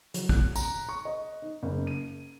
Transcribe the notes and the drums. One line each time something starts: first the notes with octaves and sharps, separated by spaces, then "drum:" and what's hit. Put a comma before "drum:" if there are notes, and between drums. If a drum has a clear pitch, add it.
F#3, drum: hi-hat
F#6, drum: kick
A#5, drum: tambourine
C#6
D#5
D#4
F#1
D#7